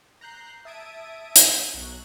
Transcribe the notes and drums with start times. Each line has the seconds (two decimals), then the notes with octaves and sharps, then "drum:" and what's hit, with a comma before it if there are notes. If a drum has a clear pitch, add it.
0.21 A#5 F#6 G6 C7
0.65 E5 A5 D#6 G#6 D7 D#7
1.36 drum: hi-hat
1.74 B1 F#3 F#6